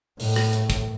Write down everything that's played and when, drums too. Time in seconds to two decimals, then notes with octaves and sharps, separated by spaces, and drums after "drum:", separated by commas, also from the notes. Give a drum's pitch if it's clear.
0.20 A2, drum: open hi-hat
0.36 drum: rim click
0.53 drum: hi-hat
0.70 drum: kick, hi-hat